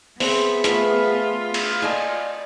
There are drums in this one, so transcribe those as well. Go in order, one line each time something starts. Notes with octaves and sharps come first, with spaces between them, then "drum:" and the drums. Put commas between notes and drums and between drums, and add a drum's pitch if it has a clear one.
B3 C4 G#4 E5, drum: open hi-hat
A3 F4 B4, drum: hi-hat
drum: cymbal
A4 D5 D#5 G#5